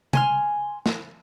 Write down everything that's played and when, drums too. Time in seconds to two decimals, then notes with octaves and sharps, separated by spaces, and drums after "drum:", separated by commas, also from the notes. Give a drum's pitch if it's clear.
0.13 G#5 C6 F6, drum: tom C3
0.86 drum: snare